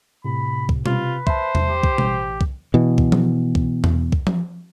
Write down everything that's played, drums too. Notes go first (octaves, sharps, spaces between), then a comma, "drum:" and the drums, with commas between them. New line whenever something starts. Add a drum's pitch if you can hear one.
A2 C3 B5
drum: kick
C3 F4 B4, drum: tom B2
C5 E5 A5, drum: kick
drum: tom E2
G4
drum: kick
A1, drum: tom B2
drum: kick
B2 E3
drum: kick
drum: tom F3
drum: kick
drum: tom E2
drum: kick
drum: tom F3